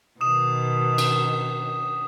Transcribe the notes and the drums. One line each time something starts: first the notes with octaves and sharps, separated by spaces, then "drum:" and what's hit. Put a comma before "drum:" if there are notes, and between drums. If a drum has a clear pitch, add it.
B2 D#3 D#6 E7
drum: cymbal